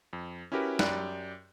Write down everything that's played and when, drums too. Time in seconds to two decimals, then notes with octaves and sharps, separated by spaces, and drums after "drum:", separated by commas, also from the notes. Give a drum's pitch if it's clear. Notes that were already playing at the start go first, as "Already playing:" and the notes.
0.13 F2
0.52 C#4 E4 F#4 G4 A#4 B4
0.79 F#2 G4 D5 G5 B5 F#6, drum: snare